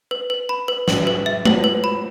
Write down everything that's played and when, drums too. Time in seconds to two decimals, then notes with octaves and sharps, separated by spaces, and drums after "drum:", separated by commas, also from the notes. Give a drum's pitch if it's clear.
0.11 B4
0.30 B4
0.49 B5
0.68 B4
0.88 B4, drum: snare
1.07 B4
1.26 E5
1.45 B4, drum: tom G#3
1.64 B4
1.84 B5